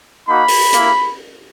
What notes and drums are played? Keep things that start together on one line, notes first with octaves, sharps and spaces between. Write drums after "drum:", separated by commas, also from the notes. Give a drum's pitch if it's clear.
A#3 D#4 F#4 B5
drum: open hi-hat
A#3 E4, drum: hi-hat